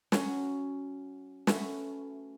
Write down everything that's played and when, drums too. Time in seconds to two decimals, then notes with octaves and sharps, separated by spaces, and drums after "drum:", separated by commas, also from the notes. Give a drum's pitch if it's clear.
0.12 F#3 C#4 F#4, drum: snare
1.47 A3 C#4 F#4 B4, drum: snare